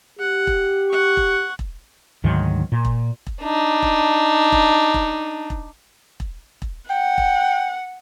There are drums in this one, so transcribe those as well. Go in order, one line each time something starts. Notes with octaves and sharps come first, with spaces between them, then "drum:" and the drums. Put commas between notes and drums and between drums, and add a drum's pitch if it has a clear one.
G4 F#5
drum: kick E1
F#5 C#6
drum: kick E1
drum: kick E1
D2 G#2 D#3 F#3
A#2
drum: kick E1
drum: kick E1
D4 D#4
drum: kick E1
drum: kick E1
drum: kick E1
drum: kick E1
drum: kick E1
drum: kick E1
F#5 G5
drum: kick E1